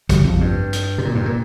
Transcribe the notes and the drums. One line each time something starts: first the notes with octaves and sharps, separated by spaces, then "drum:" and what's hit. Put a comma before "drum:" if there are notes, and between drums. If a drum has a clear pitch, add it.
G3, drum: kick, hi-hat
F2
G2
drum: hi-hat
C3
A#2
G2
A#2